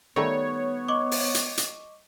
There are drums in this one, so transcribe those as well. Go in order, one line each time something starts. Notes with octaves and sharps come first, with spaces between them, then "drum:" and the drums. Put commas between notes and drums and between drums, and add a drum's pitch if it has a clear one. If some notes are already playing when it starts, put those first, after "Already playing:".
D#3 G3 A3 B3 C#5
D#5 C#6 D6
drum: open hi-hat
drum: hi-hat
drum: hi-hat